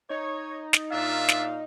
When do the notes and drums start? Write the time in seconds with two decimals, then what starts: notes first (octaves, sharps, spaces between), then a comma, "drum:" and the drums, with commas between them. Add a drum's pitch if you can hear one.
0.10 D#4 C#5
0.73 drum: snare
0.92 A#2 D4 F4 E5 F5
1.28 drum: snare